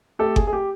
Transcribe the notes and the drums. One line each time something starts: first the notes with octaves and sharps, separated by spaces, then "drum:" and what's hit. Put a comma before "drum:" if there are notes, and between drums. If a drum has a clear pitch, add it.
A3 G4 A4
G#4, drum: kick G1
A3
G#4
G4